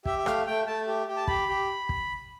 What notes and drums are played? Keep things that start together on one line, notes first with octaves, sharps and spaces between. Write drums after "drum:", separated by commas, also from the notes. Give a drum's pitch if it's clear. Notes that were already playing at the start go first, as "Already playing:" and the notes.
G4 E5, drum: kick
E5
A3 F5, drum: rim click
A3 G5
A3 A5
G4
G4
A5
G4 B5, drum: kick
G4
drum: kick